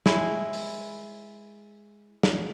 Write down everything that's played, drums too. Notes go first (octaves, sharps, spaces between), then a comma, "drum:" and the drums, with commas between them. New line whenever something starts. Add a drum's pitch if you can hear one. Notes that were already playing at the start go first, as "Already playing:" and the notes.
G#3 E4, drum: snare
drum: open hi-hat
drum: snare